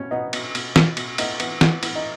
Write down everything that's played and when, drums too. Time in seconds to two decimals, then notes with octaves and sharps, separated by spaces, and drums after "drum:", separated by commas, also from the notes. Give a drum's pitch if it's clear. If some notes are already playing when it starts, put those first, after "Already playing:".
Already playing: B2 C#4
0.11 B2 B3 D#4
0.33 B2, drum: cymbal
0.55 B2, drum: cymbal
0.76 B2, drum: snare
0.97 B2, drum: cymbal
1.18 A2 B3 D#4, drum: cymbal
1.40 E3 B3, drum: cymbal
1.61 E3 B3, drum: snare
1.83 E3 B3, drum: cymbal
1.95 D#4